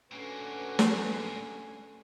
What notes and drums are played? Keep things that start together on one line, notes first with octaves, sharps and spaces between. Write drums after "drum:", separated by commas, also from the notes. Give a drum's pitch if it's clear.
A2 D3 A#3 C#4 F#4 B4 F#5 G#5
drum: snare